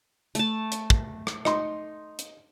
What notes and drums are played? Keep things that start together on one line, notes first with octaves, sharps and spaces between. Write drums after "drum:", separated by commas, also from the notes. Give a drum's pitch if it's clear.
A3 A5, drum: hi-hat
drum: hi-hat
drum: kick
drum: rim click
D#4 C6, drum: rim click
drum: hi-hat